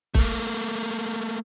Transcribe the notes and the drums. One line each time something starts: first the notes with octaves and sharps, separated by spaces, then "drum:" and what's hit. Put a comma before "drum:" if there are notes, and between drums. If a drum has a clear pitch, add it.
A3 A#3, drum: kick